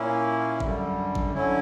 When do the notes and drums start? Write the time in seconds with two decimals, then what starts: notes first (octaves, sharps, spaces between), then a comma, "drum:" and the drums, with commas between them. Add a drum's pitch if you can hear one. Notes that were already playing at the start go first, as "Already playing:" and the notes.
Already playing: A#2 A#3 C#4 E4
0.60 F#2 D3 G3, drum: kick G#1
1.15 drum: kick G#1
1.34 D3 F#3 C#4 E4